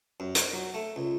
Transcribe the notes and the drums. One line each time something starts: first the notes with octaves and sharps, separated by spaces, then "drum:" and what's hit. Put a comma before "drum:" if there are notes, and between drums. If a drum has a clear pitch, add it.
F#2
A#4, drum: hi-hat
F#3
A3
C#2